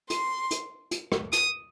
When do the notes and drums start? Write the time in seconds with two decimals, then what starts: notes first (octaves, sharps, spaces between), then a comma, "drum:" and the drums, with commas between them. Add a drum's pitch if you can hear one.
0.10 C6, drum: hi-hat
0.51 drum: hi-hat
0.91 drum: hi-hat
1.12 drum: rim click
1.33 D#6, drum: hi-hat